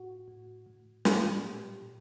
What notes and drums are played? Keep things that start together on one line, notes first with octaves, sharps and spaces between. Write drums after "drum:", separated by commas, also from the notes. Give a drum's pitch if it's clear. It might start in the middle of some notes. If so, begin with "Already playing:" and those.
Already playing: A2 F#4
A2
A2
A2, drum: snare
A#2 G4
A#2